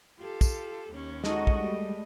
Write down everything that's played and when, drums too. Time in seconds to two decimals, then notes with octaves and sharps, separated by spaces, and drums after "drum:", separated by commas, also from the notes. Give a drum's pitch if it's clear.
0.20 F4 G4 A4
0.41 drum: kick, tambourine
0.90 D#2 C#4
1.24 G#3 D#4 F#4 A4 D#5, drum: snare
1.47 drum: kick
1.59 G3 A3